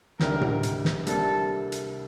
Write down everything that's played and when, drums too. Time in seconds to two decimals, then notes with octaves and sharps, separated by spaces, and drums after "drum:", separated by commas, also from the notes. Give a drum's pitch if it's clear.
0.20 D2 C3 D#3 G3 D4 A#4, drum: snare
0.41 drum: tom A2
0.63 drum: hi-hat
0.85 drum: snare
1.07 C2 C3 G3 A#3 D4 A4, drum: hi-hat
1.72 drum: hi-hat